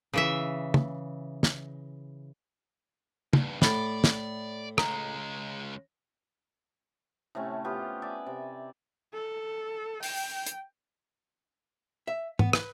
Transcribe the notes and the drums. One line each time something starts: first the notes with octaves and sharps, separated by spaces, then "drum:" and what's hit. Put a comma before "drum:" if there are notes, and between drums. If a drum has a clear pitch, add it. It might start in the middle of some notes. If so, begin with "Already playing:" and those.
C#3 E3 E5
drum: tom
drum: snare
E2 G2, drum: tom
A2 D5 B5 A6, drum: snare
drum: snare
C#2 G#3 A#5, drum: rim click
A2 C3 A3 C#4
B3 F4 G4 F5
D5 E5 G#5
C3
A4
G5, drum: open hi-hat
drum: hi-hat
E5
B3, drum: tom G#2
B4, drum: rim click